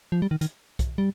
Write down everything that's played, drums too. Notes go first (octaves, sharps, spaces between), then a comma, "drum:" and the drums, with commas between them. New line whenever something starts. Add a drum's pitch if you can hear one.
F3
G3
D#3
D#3, drum: hi-hat
drum: kick B1, hi-hat
G3